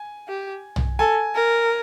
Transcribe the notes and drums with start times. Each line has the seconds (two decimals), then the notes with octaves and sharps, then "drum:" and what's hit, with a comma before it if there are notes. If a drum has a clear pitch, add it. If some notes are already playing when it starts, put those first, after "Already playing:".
Already playing: G#5
0.28 G4
0.76 drum: tom
0.99 A4 G#5
1.35 A#4